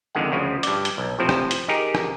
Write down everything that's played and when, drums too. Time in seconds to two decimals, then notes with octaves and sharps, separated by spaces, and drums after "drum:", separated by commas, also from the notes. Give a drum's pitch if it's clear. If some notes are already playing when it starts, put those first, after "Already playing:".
0.15 F2 D3 D#3 G#3 F#5
0.32 D2 C#3 F3
0.63 G2 D5, drum: hi-hat
0.85 drum: hi-hat
0.98 B1
1.19 A2 C3 F3 C4
1.29 drum: rim click
1.51 drum: hi-hat
1.68 D#4 G4 G#4 A#4
1.95 drum: rim click